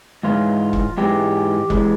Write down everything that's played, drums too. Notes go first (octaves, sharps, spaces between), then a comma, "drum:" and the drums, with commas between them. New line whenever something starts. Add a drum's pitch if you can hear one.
G#2 E3 G#3 F4
drum: kick E1
G#2 E3 G#3 G4
E3 G#3, drum: kick E1